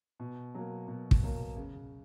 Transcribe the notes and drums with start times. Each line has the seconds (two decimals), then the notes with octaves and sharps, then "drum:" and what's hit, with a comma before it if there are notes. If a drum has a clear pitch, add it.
0.20 B2
0.55 F#3 A#3
0.88 B2
1.11 drum: kick
1.23 F#3 A#3
1.56 C#3